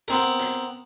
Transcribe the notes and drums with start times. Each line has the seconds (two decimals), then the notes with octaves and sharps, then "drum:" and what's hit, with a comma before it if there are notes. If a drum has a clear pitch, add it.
0.08 B3 C4 A#4, drum: hi-hat
0.39 drum: hi-hat